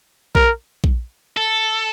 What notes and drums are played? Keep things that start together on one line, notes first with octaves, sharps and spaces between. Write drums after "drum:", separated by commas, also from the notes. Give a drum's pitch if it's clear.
A#4, drum: kick A#1
drum: kick A#1
A4